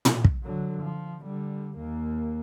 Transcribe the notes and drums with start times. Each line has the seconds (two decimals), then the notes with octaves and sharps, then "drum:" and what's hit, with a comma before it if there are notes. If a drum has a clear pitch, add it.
0.05 drum: tom
0.24 drum: kick
0.43 D3 F#3
0.80 F3
1.23 D3 G3
1.77 D#2 A#3